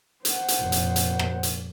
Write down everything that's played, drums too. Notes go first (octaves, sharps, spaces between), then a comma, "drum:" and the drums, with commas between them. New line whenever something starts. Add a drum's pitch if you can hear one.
C5 F#5, drum: hi-hat
drum: hi-hat
F1 A#2
drum: hi-hat
drum: hi-hat
drum: rim click
drum: hi-hat